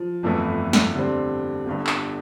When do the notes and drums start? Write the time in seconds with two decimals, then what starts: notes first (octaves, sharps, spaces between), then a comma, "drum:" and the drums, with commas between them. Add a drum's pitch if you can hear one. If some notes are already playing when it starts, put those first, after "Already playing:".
Already playing: F3
0.23 G1 F2 E3 A3 E4
0.73 drum: snare
0.95 D3 G3 C4
1.66 G1 G2 D3
1.87 drum: clap